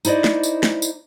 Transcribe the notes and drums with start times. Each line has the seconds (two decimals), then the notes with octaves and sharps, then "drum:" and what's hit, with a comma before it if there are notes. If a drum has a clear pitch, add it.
0.05 D#4 E4 C5 D5 D#5, drum: tambourine
0.24 drum: snare
0.43 drum: tambourine
0.63 drum: snare
0.82 drum: tambourine